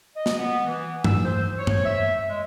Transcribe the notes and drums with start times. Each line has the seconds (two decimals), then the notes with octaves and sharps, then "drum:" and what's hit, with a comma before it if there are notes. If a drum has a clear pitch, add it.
0.16 D#5
0.26 drum: snare
0.38 B3
0.65 E3
1.04 E6, drum: tom
1.25 C5
1.58 C#5
1.67 drum: tom F#2
1.85 E5
2.28 G#3